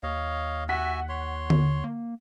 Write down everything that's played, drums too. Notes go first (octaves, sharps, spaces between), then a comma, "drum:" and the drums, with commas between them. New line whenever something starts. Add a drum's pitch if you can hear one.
D#2 C#5 D#5 F5
F#4 E5 F#5 G#5 B6
C#5 C6
drum: tom D3
A#3